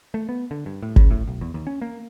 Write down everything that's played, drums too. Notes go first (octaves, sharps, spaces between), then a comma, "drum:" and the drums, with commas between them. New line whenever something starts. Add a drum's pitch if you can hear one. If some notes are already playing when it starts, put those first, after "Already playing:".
A3
B3
D3
G2
A2
C#3, drum: kick G1
A2
B1
E2
D#2
C#4
A#3